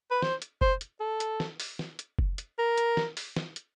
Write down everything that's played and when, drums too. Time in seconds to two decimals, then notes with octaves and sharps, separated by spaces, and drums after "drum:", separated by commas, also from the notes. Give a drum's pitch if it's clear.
0.11 B4
0.22 C5, drum: snare
0.42 drum: hi-hat
0.61 C5, drum: kick F#1
0.81 drum: hi-hat
1.00 A4
1.20 drum: hi-hat
1.40 drum: snare
1.60 drum: open hi-hat
1.79 drum: snare
1.99 drum: hi-hat
2.19 drum: kick F#1
2.38 drum: hi-hat
2.58 A#4
2.78 drum: hi-hat
2.97 drum: snare
3.17 drum: open hi-hat
3.36 drum: snare
3.56 drum: hi-hat